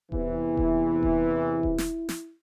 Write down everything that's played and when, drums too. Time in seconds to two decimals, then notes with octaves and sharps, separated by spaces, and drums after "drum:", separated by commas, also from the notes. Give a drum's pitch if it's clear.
0.12 E2 C3 E3 E4, drum: kick D#1
0.57 drum: kick D#1
1.03 drum: kick D#1
1.63 drum: kick D#1
1.78 drum: snare
2.09 drum: snare